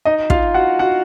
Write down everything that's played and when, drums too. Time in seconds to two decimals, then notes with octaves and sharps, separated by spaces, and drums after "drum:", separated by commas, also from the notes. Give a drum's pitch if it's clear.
0.05 D#4 D#5
0.30 F4 F5, drum: kick
0.54 F#4 F#5
0.79 F#4 F#5